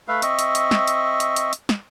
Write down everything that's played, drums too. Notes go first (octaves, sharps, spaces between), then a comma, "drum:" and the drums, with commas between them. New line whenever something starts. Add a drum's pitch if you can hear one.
A3 B4 E5 F5
C4 D#5 E5 C#6, drum: hi-hat
drum: hi-hat
drum: hi-hat
drum: snare
drum: hi-hat
drum: hi-hat
drum: hi-hat
drum: hi-hat
drum: snare